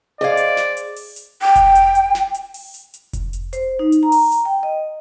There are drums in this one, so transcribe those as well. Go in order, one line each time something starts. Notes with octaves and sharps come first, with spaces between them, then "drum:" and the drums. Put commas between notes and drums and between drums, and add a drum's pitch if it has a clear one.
G#4 C5 D5 D#5 F5 G#6
drum: hi-hat
drum: snare
drum: hi-hat
drum: open hi-hat
drum: hi-hat
G5
drum: kick F1, hi-hat
drum: hi-hat
drum: hi-hat
drum: snare
drum: hi-hat
drum: open hi-hat
drum: hi-hat
drum: hi-hat
drum: kick F1, hi-hat
drum: hi-hat
C5, drum: hi-hat
D#4
drum: hi-hat
A#5
drum: open hi-hat
drum: hi-hat
G5
D#5